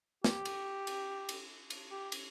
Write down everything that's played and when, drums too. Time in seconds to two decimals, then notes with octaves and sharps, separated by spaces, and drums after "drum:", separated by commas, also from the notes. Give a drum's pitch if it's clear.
0.24 G4, drum: snare
0.45 drum: cymbal
0.87 drum: cymbal
1.29 drum: cymbal
1.70 drum: cymbal
1.92 G4
2.12 drum: cymbal